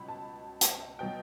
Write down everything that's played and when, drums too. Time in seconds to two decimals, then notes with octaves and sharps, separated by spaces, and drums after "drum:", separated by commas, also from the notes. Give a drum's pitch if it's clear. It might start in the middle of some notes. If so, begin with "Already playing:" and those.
Already playing: C#2 B2 F#3 B5
0.08 A5
0.61 drum: hi-hat
0.99 B2 F#3 G5